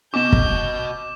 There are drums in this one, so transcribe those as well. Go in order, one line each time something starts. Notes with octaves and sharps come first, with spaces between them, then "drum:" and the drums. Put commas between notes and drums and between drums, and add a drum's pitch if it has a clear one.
B3 C#4 F#4 D#5 D6 G6 E7
drum: kick